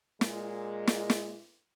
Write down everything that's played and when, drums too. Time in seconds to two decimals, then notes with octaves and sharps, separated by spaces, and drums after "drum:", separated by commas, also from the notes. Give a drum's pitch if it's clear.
0.21 A#2 G#3, drum: snare
0.87 drum: snare
1.10 drum: snare